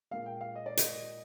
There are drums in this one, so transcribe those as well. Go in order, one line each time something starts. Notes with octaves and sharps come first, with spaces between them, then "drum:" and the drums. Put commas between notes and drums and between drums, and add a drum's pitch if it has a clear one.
A#2 G#3 F5
G5
F5
D#5
D5
D#5, drum: hi-hat